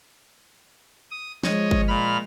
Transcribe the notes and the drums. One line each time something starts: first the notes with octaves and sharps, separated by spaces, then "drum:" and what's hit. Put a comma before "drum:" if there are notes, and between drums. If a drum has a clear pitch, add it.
D#6
F3 G#3 C#5 D#5, drum: snare
drum: kick G1
A#2 B5 F6